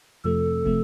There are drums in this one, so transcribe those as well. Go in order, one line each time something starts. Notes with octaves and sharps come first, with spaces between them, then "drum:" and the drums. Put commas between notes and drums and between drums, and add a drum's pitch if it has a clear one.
F2 C3 F3 A3 A4
C3 F3 A3, drum: kick